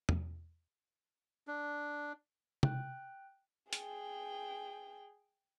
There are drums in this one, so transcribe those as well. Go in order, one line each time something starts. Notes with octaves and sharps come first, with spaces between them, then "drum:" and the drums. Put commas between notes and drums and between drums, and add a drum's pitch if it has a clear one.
drum: tom
D4
G5 F#6, drum: tom C3
G#4 G5, drum: hi-hat